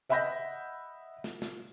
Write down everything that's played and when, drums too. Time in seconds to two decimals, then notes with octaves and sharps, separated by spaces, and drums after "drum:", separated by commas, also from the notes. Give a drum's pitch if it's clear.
0.09 D#5 E5 F#5 B5 G6 A#6
1.24 drum: snare
1.42 drum: snare